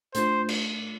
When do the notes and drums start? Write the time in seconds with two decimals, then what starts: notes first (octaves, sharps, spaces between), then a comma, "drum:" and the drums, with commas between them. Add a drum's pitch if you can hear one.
0.15 A2 A3 D4 F4 C5, drum: hi-hat
0.49 drum: cymbal